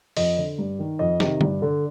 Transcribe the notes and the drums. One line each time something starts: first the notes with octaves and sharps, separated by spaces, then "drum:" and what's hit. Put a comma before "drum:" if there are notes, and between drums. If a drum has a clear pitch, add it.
F2 D#5, drum: open hi-hat
D3
G2
D#3
F2 D#5
C3 D#3, drum: snare
G2, drum: tom D3
D3